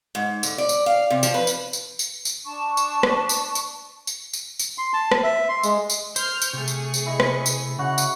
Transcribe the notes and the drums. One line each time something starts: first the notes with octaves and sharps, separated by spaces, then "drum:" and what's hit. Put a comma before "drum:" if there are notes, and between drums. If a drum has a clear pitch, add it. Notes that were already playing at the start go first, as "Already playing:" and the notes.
G#2
D3, drum: tambourine
D5
drum: tambourine
F5
C3
F3, drum: tambourine
B4
drum: tambourine
drum: tambourine
drum: tambourine
drum: tambourine
D4 A5 C#6
drum: tambourine
drum: rim click
drum: tambourine
drum: tambourine
drum: tambourine
drum: tambourine
drum: tambourine
C6
A5
drum: rim click
E5
C6
G#3, drum: tambourine
drum: tambourine
C5 F6 G6, drum: tambourine
drum: tambourine
C3 A3 G#4 C#6
drum: tambourine
drum: tambourine
E4 D#5
drum: rim click
drum: tambourine
C#3 F#4 F#5
drum: tambourine